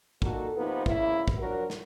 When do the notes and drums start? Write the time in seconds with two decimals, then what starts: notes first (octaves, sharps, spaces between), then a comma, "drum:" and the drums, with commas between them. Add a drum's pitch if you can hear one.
0.22 A#2 A#3 D#4 F#4 A4, drum: kick
0.55 C3 F3 A#3 B3 D#4 B4
0.86 E2 C#3 A#3 E4, drum: kick
1.28 drum: kick
1.37 F3 F#3 D4 F#4 A#4
1.70 drum: snare